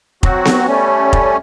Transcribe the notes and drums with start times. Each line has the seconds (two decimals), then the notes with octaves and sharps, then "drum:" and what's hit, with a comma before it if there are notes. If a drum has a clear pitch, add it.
0.23 F#3 C4 F#4, drum: kick F1
0.45 drum: snare B3
0.67 G3 A3 C#4
1.13 drum: kick F1